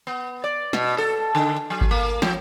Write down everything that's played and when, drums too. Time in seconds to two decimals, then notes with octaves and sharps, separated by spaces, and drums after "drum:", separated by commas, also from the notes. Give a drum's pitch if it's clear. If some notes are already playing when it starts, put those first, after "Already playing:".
0.07 B3
0.44 D5
0.73 B2, drum: snare
0.98 A4
1.35 D3
1.70 F#3
1.81 drum: kick G#1
1.91 A#3
2.22 F3, drum: snare